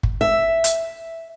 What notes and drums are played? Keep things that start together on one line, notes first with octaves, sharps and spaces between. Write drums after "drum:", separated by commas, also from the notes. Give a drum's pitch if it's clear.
drum: kick G1
E5
drum: hi-hat